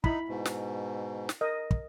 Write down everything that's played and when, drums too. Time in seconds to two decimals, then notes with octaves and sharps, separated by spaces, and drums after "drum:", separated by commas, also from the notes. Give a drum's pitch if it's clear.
0.04 D#4 E4 B5, drum: kick
0.28 G#2 B2
0.45 drum: snare
1.29 drum: snare
1.41 A#4 D#5
1.71 drum: kick